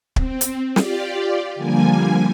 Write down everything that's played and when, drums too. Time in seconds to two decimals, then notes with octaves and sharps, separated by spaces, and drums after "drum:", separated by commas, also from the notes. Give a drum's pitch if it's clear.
0.16 C4, drum: kick
0.41 drum: hi-hat
0.76 F4 G4 D5, drum: snare
1.55 D3 F3 G3 A#3 G#5